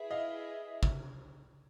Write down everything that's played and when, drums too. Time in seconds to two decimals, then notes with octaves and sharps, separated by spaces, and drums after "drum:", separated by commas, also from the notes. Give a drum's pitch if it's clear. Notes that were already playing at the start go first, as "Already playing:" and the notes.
Already playing: E4 G#4 B4 E5
0.11 D#5 F5
0.83 drum: kick